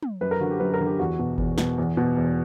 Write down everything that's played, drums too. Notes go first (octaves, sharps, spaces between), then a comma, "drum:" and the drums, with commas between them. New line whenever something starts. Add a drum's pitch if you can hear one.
drum: tom
F#2 B4
A#4
D3 F#4
G4
F#2 B4
A#4
D3
G4
E2 F#4
B2
E2, drum: kick G1
B2, drum: snare
E2
B2
E2